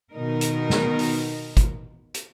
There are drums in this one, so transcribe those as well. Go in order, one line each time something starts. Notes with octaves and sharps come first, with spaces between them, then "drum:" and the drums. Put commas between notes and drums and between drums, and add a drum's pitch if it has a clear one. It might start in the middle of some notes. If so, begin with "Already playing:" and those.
B2 D#3 D#4 A#4
drum: hi-hat
drum: snare
drum: open hi-hat
drum: kick, hi-hat
drum: hi-hat